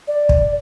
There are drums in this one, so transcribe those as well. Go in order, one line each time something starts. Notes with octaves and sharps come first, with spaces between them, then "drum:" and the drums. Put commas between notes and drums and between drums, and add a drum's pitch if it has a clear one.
D5
drum: kick